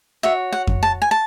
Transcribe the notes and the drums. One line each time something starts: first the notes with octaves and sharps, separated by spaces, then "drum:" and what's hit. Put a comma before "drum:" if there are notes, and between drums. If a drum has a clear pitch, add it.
F#4 C#5 E5
F#5
drum: kick F2
A5
G#5
A5